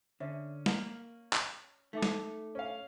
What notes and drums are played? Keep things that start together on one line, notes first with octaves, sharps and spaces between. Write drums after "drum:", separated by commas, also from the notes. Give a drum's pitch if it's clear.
D3 C#4 E5
A#3 A#4 F#7, drum: snare
drum: clap
A3 D#4 A4 E5 D6
drum: snare
C#4 F5